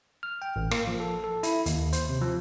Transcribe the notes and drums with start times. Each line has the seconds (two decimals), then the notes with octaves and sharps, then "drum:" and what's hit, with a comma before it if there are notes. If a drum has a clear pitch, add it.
0.23 F6
0.42 G5
0.56 A1
0.71 A#3, drum: rim click
0.87 F3
1.00 A4
1.24 A4
1.43 E4, drum: hi-hat
1.66 D#2, drum: hi-hat
1.93 C5, drum: hi-hat
2.09 C3
2.21 F3